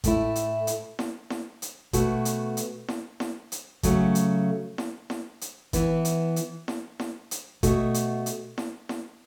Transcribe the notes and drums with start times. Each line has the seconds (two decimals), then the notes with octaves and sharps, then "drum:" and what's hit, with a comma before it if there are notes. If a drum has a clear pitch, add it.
0.04 A2 A3 E4, drum: kick G#1, hi-hat
0.35 drum: hi-hat
0.67 drum: hi-hat
0.99 drum: snare E4
1.30 drum: snare E4
1.62 drum: hi-hat
1.93 B2 A3 F#4, drum: kick G#1, hi-hat
2.25 drum: hi-hat
2.57 drum: hi-hat
2.88 drum: snare E4
3.20 drum: snare E4
3.52 drum: hi-hat
3.83 C#3 F#3 A3 F#4, drum: kick G#1, hi-hat
4.15 drum: hi-hat
4.78 drum: snare E4
5.10 drum: snare E4
5.41 drum: hi-hat
5.73 E3 B3 E4, drum: kick G#1, hi-hat
6.05 drum: hi-hat
6.36 drum: hi-hat
6.68 drum: snare E4
7.00 drum: snare E4
7.31 drum: hi-hat
7.63 B2 A3 F#4, drum: kick G#1, hi-hat
7.94 drum: hi-hat
8.26 drum: hi-hat
8.58 drum: snare E4
8.89 drum: snare E4